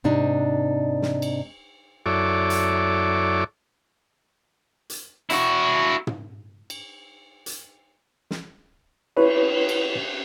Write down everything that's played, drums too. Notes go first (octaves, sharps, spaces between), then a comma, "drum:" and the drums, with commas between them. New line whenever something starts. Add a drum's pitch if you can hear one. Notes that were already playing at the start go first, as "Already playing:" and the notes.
G#2 C3 D4 D#4
drum: snare
drum: cymbal
F#2 E4 A4 C#5 D5 D6
drum: hi-hat
drum: hi-hat
E4 F#4, drum: hi-hat
drum: tom
drum: cymbal
drum: hi-hat
drum: snare
E4 B4 C#5, drum: cymbal
drum: cymbal